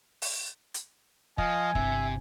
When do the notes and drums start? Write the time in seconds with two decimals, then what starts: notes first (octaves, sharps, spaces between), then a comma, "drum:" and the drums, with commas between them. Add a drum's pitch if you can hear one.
0.22 drum: open hi-hat
0.74 drum: hi-hat
1.38 F3 D#5 F5 G#5, drum: kick
1.75 G1 C3 E4 E5, drum: kick